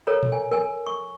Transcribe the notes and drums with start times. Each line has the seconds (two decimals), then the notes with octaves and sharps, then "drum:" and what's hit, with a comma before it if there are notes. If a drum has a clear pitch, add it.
0.07 A4 A#4 C#5 A#5
0.23 drum: tom A#2
0.32 G#5
0.52 A#4 G#5
0.86 C#6